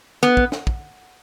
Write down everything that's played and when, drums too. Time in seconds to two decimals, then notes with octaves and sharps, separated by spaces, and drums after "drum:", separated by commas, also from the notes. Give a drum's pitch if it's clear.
0.23 B3
0.37 drum: kick
0.52 drum: snare
0.67 drum: kick